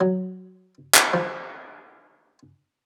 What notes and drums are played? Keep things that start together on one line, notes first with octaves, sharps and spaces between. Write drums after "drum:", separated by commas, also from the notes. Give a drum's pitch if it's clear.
F#3
drum: clap
F3